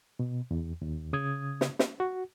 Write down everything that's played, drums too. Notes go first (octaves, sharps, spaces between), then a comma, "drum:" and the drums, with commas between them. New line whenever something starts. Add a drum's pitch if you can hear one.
B2
E2
D#2
C#3 D#6 G#6
drum: snare
drum: snare
F#4